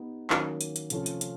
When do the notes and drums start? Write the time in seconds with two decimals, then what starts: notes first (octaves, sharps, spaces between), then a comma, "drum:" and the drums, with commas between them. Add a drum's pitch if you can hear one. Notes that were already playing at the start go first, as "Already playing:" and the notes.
Already playing: B3 D#4 G4
0.30 D#3 F#3 A#3 C#4 F#4, drum: clap
0.61 drum: hi-hat
0.76 drum: hi-hat
0.90 C3 F3 A3 C#4 F4, drum: hi-hat
1.06 drum: hi-hat
1.21 drum: hi-hat